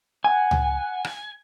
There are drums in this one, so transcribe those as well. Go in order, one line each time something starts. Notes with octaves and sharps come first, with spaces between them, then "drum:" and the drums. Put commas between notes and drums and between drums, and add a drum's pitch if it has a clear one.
F#5 G#5
drum: tom C#2
drum: rim click